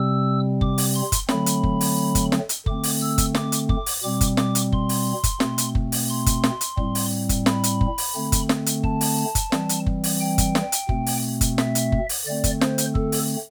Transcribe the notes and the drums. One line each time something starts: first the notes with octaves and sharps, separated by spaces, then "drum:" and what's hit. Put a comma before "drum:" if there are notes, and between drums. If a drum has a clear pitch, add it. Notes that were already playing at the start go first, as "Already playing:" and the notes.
Already playing: C3 G3 C4 E6
D6, drum: kick F#1
drum: open hi-hat
C6
drum: kick F#1, hi-hat
D3 F#3 A3 C4 B5, drum: snare
drum: hi-hat
drum: kick F#1
drum: open hi-hat
drum: kick F#1, hi-hat
drum: snare
drum: hi-hat
D3 A3 C4 D6, drum: kick F#1
drum: open hi-hat
E6
drum: kick F#1, hi-hat
D6, drum: snare
drum: hi-hat
D6, drum: kick F#1
drum: open hi-hat
B2 G3 C4 D6
drum: kick F#1, hi-hat
D6, drum: snare
drum: hi-hat
C6, drum: kick F#1
drum: open hi-hat
drum: kick F#1, hi-hat
B2 A3 C4, drum: snare
drum: hi-hat
drum: kick F#1
drum: open hi-hat
C6
drum: kick F#1, hi-hat
drum: snare
drum: hi-hat
A2 G3 C4, drum: kick F#1
drum: open hi-hat
drum: kick F#1, hi-hat
B5, drum: snare
drum: hi-hat
drum: kick F#1
drum: open hi-hat
D3 A3 C4
drum: kick F#1, hi-hat
drum: snare
drum: hi-hat
A5, drum: kick F#1
drum: open hi-hat
drum: kick F#1, hi-hat
E3 G3 C4, drum: snare
drum: hi-hat
drum: kick F#1
drum: open hi-hat
G5
drum: kick F#1, hi-hat
drum: snare
drum: hi-hat
B2 A3 C4, drum: kick F#1
drum: open hi-hat
drum: kick F#1, hi-hat
E5, drum: snare
drum: hi-hat
drum: kick F#1
drum: open hi-hat
D3 A3 C4 D5
drum: kick F#1, hi-hat
C5, drum: snare
drum: hi-hat
A4, drum: kick F#1
drum: open hi-hat